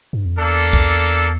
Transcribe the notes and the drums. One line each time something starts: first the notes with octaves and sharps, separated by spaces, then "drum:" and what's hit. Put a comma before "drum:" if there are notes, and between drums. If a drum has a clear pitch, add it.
G2
F2
E2 A#3 D4 A4
drum: kick